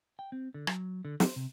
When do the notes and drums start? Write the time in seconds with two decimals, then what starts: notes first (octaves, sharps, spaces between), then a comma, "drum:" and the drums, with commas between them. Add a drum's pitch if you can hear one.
0.19 G5
0.32 C4
0.54 D3
0.67 F#3, drum: rim click
1.05 D3
1.20 C5, drum: snare
1.36 C3